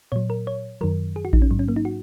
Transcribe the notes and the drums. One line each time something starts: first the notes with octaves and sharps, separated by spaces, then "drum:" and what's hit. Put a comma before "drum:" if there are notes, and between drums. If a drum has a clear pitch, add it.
A#2 F#3 C#5
A#4
C#5
F#2 D#3 F#3 A#4
G#4
F#4
D#4, drum: kick A1
C#4
G#2 F#3
C#4
A#3
D#4
F#4